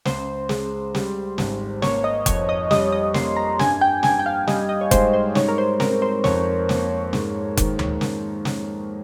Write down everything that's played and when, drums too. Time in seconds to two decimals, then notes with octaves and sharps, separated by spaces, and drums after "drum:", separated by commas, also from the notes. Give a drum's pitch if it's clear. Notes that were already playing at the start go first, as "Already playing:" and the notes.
0.05 C#2 C5, drum: snare
0.49 G#3, drum: snare
0.95 G3, drum: snare
1.38 G#1, drum: snare
1.82 A#3 C#5, drum: snare
2.04 D#5
2.26 F2 C#5, drum: kick F1, hi-hat
2.49 D#5
2.71 G3 D#5, drum: snare
2.92 D#5
3.14 A#3 C6, drum: snare
3.37 A#5
3.59 G2 G#5, drum: snare
3.81 G5
4.03 G2 G#5, drum: snare
4.19 G5
4.26 F5
4.47 G3 D#5, drum: snare
4.69 D#5
4.81 C#5
4.91 G#2 C5, drum: kick F1, hi-hat
5.13 C5
5.35 D#4 C#5, drum: snare
5.48 A#4
5.58 C5
5.80 C4 A#4, drum: snare
6.02 C5
6.24 F2 C#5, drum: snare
6.69 A#3, drum: snare
7.13 G#2, drum: snare
7.57 D#3, drum: kick F1, hi-hat
7.79 drum: tom D2
8.01 drum: snare
8.45 drum: snare